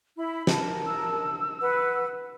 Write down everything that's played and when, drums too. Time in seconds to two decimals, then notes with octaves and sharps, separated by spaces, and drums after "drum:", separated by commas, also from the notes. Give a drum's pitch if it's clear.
0.17 E4 B5
0.47 A#4 A5, drum: snare
0.86 E6
1.60 B4 F#5